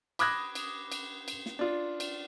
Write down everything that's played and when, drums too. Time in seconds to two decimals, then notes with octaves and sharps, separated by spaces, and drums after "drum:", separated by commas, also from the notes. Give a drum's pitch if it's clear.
0.19 B5 D6 D#6 F#6 G#6 A#6, drum: cymbal
0.55 drum: cymbal
0.92 drum: cymbal
1.28 drum: cymbal
1.46 drum: snare
1.59 D4 F4
2.00 drum: cymbal